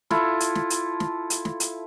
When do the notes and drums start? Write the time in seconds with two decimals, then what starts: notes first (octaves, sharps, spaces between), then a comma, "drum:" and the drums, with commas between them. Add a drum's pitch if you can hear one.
0.10 E4 F4 A4, drum: snare
0.40 drum: hi-hat
0.55 drum: snare
0.70 drum: hi-hat
1.00 drum: snare
1.30 drum: hi-hat
1.45 drum: snare
1.60 drum: hi-hat